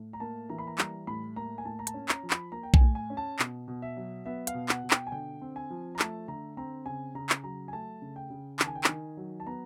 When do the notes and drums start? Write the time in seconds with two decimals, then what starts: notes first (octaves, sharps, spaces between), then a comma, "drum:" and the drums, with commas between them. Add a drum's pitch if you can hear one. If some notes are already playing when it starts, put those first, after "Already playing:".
Already playing: A2
0.13 A#5
0.20 A#3 A5
0.49 E3 A#5
0.59 B5
0.67 A#5
0.78 G3 A#5, drum: clap
1.07 A2 B5
1.36 A#3 A#5
1.58 G#5
1.65 A2 A5
1.79 A#5
1.87 A5, drum: hi-hat
1.94 C#4
2.09 A#5, drum: clap
2.23 F3
2.30 B5, drum: clap
2.52 A#3 A#5
2.63 G5
2.74 G#5, drum: kick B1
2.81 A2
2.95 G#5
3.10 C#4
3.17 A5
3.39 B2, drum: clap
3.68 B2
3.82 E5
3.97 F#3
4.26 B3 E5
4.47 F5, drum: hi-hat
4.54 B2
4.69 F#5, drum: clap
4.84 B2
4.91 G5, drum: clap
5.07 G#5
5.12 D3 G5
5.41 C4
5.56 G#5
5.70 F3
5.95 A#5
5.99 A3 A5, drum: clap
6.28 D3 A#5
6.57 C4 A#5
6.86 C#3 G#5
7.15 C#3 A#5
7.29 drum: clap
7.44 F#3 A#5
7.68 G#5
7.73 A3 A5
8.02 C#3
8.16 G5
8.30 C#3
8.59 D#3 A5, drum: clap
8.67 G#5
8.75 G5
8.84 G#5, drum: clap
8.89 D#3
9.17 F#3
9.40 A5
9.46 B3 A#5